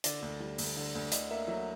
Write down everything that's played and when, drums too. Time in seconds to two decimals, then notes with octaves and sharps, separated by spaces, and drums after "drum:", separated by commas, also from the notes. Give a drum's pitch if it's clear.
0.04 D3 D5, drum: hi-hat
0.22 D2
0.40 G3
0.58 D2, drum: open hi-hat
0.76 D3
0.95 D2
1.12 D3 D#5, drum: hi-hat
1.30 A#3 E5
1.48 F#3 E5